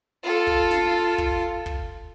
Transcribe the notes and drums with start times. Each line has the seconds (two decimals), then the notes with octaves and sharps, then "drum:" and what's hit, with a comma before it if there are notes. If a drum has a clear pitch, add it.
0.23 F4 A4
0.47 drum: kick
0.71 drum: snare
1.18 drum: kick
1.66 drum: kick